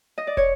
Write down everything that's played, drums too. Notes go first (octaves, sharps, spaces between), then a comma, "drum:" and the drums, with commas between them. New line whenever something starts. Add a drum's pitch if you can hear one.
D#5
D5
C#5, drum: kick